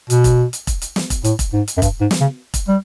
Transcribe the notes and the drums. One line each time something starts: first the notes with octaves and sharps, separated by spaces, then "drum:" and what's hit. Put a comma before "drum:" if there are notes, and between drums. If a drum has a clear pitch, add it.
B2, drum: hi-hat
drum: kick E1, hi-hat
drum: hi-hat
drum: kick E1, hi-hat
drum: hi-hat
drum: snare
drum: kick E1, hi-hat
A2, drum: hi-hat
drum: kick E1, hi-hat
G#2
drum: hi-hat
F#2
G2, drum: kick E1, hi-hat
G#2
drum: snare
C#3
drum: kick E1, hi-hat
G3